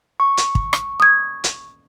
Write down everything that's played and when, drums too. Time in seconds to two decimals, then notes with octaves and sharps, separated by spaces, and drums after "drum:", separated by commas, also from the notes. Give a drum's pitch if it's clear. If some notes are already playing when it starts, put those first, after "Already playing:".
0.20 C#6
0.37 drum: hi-hat
0.55 drum: kick
0.73 drum: rim click
1.00 D#6 G#6
1.44 drum: hi-hat